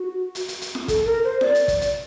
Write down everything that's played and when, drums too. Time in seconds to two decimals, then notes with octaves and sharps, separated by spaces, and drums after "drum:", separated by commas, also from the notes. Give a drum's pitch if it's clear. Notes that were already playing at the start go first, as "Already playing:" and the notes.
Already playing: F#4
0.35 drum: hi-hat
0.48 drum: hi-hat
0.61 drum: hi-hat
0.75 drum: snare
0.88 A4, drum: kick, hi-hat
1.06 A#4
1.24 C5
1.41 D5, drum: snare
1.55 drum: hi-hat
1.68 drum: kick, hi-hat
1.81 drum: hi-hat